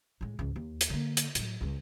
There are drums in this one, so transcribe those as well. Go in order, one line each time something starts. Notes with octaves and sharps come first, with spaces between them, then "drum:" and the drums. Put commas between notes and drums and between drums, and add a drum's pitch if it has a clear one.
A2 G#3
C#2 G#2
D#2
drum: hi-hat
D3 A#3
drum: hi-hat
A2 F#3, drum: hi-hat
C#2 G#3